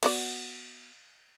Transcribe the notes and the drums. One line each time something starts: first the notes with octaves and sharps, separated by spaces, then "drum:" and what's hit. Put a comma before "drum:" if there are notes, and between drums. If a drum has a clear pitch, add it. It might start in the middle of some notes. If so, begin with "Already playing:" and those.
B3 F#4 D5, drum: cymbal